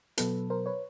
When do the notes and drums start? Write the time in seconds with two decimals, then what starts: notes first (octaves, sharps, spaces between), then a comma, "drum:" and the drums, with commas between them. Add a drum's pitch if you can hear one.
0.18 B2 F#3 B3 A4 B4, drum: hi-hat
0.50 A#4 C5
0.66 B4 C#5